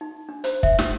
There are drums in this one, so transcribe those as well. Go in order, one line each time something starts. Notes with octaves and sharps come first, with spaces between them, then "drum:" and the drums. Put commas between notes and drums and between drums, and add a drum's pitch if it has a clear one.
D#4
D4
C5, drum: hi-hat
E5, drum: kick
D#6, drum: snare